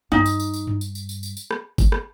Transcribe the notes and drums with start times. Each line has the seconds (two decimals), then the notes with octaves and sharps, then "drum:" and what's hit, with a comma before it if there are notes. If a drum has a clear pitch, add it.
0.12 G2 D#4
0.26 drum: tambourine
0.40 drum: tambourine
0.53 drum: tambourine
0.67 drum: tom G2
0.81 drum: tambourine
0.95 drum: tambourine
1.09 drum: tambourine
1.23 drum: tambourine
1.37 drum: tambourine
1.51 drum: rim click
1.78 drum: kick F#1, tambourine
1.92 drum: rim click